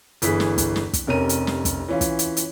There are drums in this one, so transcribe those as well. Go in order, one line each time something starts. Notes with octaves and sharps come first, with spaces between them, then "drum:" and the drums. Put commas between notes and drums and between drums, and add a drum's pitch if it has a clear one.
G1 E3 G#4 B6, drum: hi-hat
drum: snare
drum: kick, hi-hat
drum: snare
drum: kick, hi-hat
F1 C3 C#4 A#4 D#7
drum: hi-hat
drum: snare
drum: kick, hi-hat
E3 C#4 F4
drum: kick, hi-hat
drum: hi-hat
drum: hi-hat